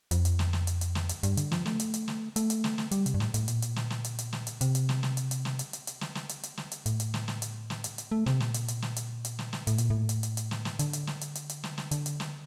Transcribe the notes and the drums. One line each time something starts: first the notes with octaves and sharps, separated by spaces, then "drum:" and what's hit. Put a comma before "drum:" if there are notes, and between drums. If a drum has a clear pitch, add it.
F2, drum: hi-hat
drum: hi-hat
drum: snare
drum: snare
drum: hi-hat
drum: hi-hat
drum: snare
drum: hi-hat
G2, drum: hi-hat
D3, drum: hi-hat
F3, drum: snare
A3, drum: snare
drum: hi-hat
drum: hi-hat
drum: snare
A3, drum: hi-hat
drum: hi-hat
drum: snare
drum: snare
G3, drum: hi-hat
C3, drum: hi-hat
G2
A2, drum: snare
A2, drum: hi-hat
A#2, drum: hi-hat
drum: hi-hat
drum: snare
drum: snare
drum: hi-hat
drum: hi-hat
drum: snare
drum: hi-hat
C3, drum: hi-hat
drum: hi-hat
drum: snare
drum: snare
drum: hi-hat
drum: hi-hat
drum: snare
drum: hi-hat
drum: hi-hat
drum: hi-hat
drum: snare
drum: snare
drum: hi-hat
drum: hi-hat
drum: snare
drum: hi-hat
A2, drum: hi-hat
drum: hi-hat
drum: snare
drum: snare
drum: hi-hat
drum: snare
drum: hi-hat
drum: hi-hat
A3
C3, drum: snare
A#2, drum: snare
drum: hi-hat
drum: hi-hat
drum: snare
drum: hi-hat
drum: hi-hat
drum: snare
drum: snare
A2, drum: hi-hat
A#2, drum: hi-hat
A2
drum: hi-hat
drum: hi-hat
drum: hi-hat
drum: snare
drum: snare
D3, drum: hi-hat
drum: hi-hat
drum: snare
drum: hi-hat
drum: hi-hat
drum: hi-hat
drum: snare
drum: snare
D3, drum: hi-hat
drum: hi-hat
drum: snare